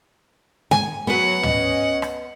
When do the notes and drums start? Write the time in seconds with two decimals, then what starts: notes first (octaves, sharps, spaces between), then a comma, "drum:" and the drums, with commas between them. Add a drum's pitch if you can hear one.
0.71 G#5, drum: snare G#3
1.07 F#3 B3 B4 F#5
1.43 C#4 D#5, drum: tom
2.02 drum: rim click